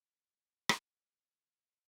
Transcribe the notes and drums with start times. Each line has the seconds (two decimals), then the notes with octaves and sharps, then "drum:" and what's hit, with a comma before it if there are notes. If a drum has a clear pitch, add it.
0.04 C3 D#3 F#3 G3 B3 C#4
0.69 drum: rim click